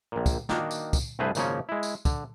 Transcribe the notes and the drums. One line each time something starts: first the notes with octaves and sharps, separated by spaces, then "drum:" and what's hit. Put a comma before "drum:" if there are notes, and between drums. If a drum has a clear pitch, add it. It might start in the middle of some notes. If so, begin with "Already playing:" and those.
A#1 A#2
drum: kick, tambourine
D#3 A#3 D4 F#4, drum: snare
drum: tambourine
drum: kick, tambourine
C2 G2 A3 G#4 B4 C5
G#1 A#2 C#3 F3 A#3 C#4, drum: tambourine
G#3 E4
drum: tambourine
D3, drum: kick, tambourine